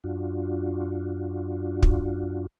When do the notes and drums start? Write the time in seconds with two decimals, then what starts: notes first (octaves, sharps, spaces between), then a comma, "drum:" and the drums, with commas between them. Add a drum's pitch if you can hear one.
0.04 F#2 D4 F4 F#4
1.83 drum: kick